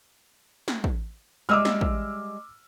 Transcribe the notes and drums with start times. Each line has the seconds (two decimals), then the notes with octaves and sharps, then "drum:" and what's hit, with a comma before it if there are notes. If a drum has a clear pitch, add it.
0.68 drum: snare A3
0.84 drum: kick
1.49 G3 G#3 E5 D6 E6 F6
1.65 drum: snare A3
1.81 drum: kick